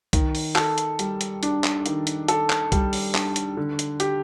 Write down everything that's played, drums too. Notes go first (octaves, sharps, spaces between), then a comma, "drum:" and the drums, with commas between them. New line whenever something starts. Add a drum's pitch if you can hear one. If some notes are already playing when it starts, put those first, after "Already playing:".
D#3, drum: kick C2, hi-hat
drum: open hi-hat
A4, drum: clap
drum: hi-hat
G3, drum: hi-hat
drum: hi-hat
D4, drum: hi-hat
drum: clap
D#3, drum: hi-hat
drum: hi-hat
A4, drum: hi-hat
drum: clap
G3, drum: kick C2, hi-hat
drum: open hi-hat
D4, drum: clap
drum: hi-hat
D3
drum: hi-hat
G4, drum: hi-hat